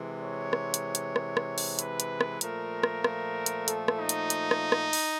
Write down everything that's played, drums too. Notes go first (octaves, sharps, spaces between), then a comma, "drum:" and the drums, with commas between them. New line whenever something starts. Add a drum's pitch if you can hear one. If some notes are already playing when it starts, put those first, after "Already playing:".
Already playing: C3 E3 G#3
C#5
drum: rim click
drum: hi-hat
drum: hi-hat
drum: rim click
drum: rim click
drum: open hi-hat
B4, drum: hi-hat
drum: hi-hat
drum: rim click
A#2 F3 A3 A#4, drum: hi-hat
drum: rim click
drum: rim click
drum: hi-hat
A4, drum: hi-hat
drum: rim click
D#4
drum: hi-hat
drum: hi-hat
drum: rim click
drum: rim click
drum: open hi-hat